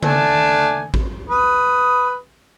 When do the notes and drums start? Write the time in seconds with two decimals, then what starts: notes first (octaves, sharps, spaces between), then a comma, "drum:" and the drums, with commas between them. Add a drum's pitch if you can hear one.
0.03 A3 D4 G#5, drum: tom C#3
0.94 drum: kick A1
1.30 B4 D#6